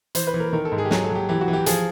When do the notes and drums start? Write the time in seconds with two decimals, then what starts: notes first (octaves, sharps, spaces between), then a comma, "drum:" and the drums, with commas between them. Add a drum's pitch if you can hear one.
0.15 E3 C5, drum: hi-hat
0.27 B4
0.34 E3
0.40 A#4
0.53 D#3 A#4
0.65 A4
0.72 G#2
0.78 G#4
0.85 G4
0.91 F#3 G#4, drum: snare
1.04 A4
1.10 F#3
1.15 G4
1.29 E3 G4
1.41 F#4
1.48 E3
1.53 G4
1.66 F3 G#4, drum: hi-hat